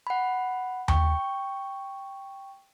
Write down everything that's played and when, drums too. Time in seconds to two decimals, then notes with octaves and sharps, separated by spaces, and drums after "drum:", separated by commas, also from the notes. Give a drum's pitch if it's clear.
0.07 F#5 B5
0.88 G5 C#6, drum: tom D#2